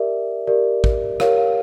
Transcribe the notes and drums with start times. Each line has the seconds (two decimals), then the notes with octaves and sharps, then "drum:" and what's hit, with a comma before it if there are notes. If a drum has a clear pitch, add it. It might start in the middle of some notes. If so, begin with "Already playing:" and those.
Already playing: G4 A#4 D5 E5
0.47 G4 A#4 D5
0.84 drum: kick
1.20 G4 A#4 C#5 F5, drum: rim click
1.38 F5